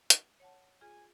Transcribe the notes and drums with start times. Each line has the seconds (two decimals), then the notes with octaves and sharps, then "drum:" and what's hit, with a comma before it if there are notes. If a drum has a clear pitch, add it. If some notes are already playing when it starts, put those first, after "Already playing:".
0.10 drum: hi-hat
0.40 C#5 F#5 A5
0.81 F4 G#4 G#5